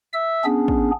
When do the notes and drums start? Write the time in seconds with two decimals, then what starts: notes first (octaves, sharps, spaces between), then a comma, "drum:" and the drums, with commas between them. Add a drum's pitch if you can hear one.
0.13 E5 E6
0.44 B3 C#4 D4 G#4
0.68 drum: kick